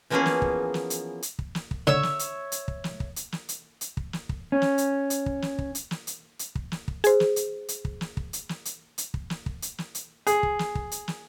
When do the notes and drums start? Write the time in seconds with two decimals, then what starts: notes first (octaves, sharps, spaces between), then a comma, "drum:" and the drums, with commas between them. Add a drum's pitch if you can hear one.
0.10 E3 F3 A#3 B3 C#4 G#4
0.26 drum: snare
0.42 drum: kick
0.74 drum: snare
0.90 drum: hi-hat
1.22 drum: hi-hat
1.39 drum: kick
1.55 drum: snare
1.71 drum: kick
1.87 D3 C#5 E5 E6
2.03 drum: snare
2.19 drum: hi-hat
2.52 drum: hi-hat
2.68 drum: kick
2.84 drum: snare
3.00 drum: kick
3.16 drum: hi-hat
3.32 drum: snare
3.49 drum: hi-hat
3.81 drum: hi-hat
3.97 drum: kick
4.13 drum: snare
4.29 drum: kick
4.52 C#4
4.62 drum: snare
4.78 drum: hi-hat
5.10 drum: hi-hat
5.26 drum: kick
5.42 drum: snare
5.59 drum: kick
5.75 drum: hi-hat
5.91 drum: snare
6.07 drum: hi-hat
6.39 drum: hi-hat
6.55 drum: kick
6.72 drum: snare
6.88 drum: kick
7.04 G#4 C5, drum: hi-hat
7.20 drum: snare
7.36 drum: hi-hat
7.68 drum: hi-hat
7.85 drum: kick
8.01 drum: snare
8.17 drum: kick
8.33 drum: hi-hat
8.49 drum: snare
8.65 drum: hi-hat
8.98 drum: hi-hat
9.14 drum: kick
9.30 drum: snare
9.46 drum: kick
9.62 drum: hi-hat
9.78 drum: snare
9.95 drum: hi-hat
10.27 G#4, drum: hi-hat
10.43 drum: kick
10.59 drum: snare
10.75 drum: kick
10.91 drum: hi-hat
11.08 drum: snare